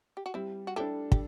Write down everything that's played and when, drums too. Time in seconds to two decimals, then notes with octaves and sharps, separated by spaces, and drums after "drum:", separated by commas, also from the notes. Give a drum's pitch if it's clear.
0.17 G4
0.26 F#4
0.34 G3 C4 E4
0.67 F#4
0.76 D4 E4 G4 A4
1.12 G4, drum: kick